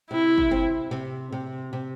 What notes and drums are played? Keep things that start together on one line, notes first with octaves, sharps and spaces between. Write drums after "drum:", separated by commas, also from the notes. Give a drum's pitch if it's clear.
C3 E4
drum: kick
C4
C3
C3
C3